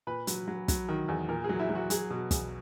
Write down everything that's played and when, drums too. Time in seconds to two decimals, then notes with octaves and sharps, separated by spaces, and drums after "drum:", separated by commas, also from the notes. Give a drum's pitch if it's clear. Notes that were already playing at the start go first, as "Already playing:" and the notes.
0.07 A#2 B4
0.27 F#3, drum: hi-hat
0.48 F#3
0.68 F#3, drum: kick, hi-hat
0.88 D#3
1.08 E2
1.29 A#2 A#4
1.44 F#3 G#4
1.59 E4
1.70 F#3
1.75 F#4
1.90 F#3 G#4, drum: hi-hat
2.10 B2
2.31 E2, drum: kick, hi-hat